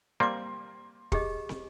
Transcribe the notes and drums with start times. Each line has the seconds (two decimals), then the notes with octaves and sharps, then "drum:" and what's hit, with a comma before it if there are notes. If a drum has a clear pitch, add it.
0.20 G3 A#3 C4 C6 D6
1.12 G4 G#4 D#5, drum: kick
1.49 drum: snare